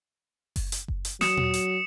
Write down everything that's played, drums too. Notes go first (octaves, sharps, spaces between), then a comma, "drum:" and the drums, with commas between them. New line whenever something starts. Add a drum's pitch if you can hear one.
drum: kick F#1, open hi-hat
drum: hi-hat
drum: kick F#1
drum: hi-hat
F#3 D#6 C#7 E7, drum: snare
drum: tom
drum: hi-hat